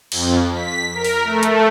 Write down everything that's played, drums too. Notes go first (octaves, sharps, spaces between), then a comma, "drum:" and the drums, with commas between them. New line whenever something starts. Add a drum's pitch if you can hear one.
F2, drum: cymbal
B6
A#4
drum: open hi-hat
A3
drum: hi-hat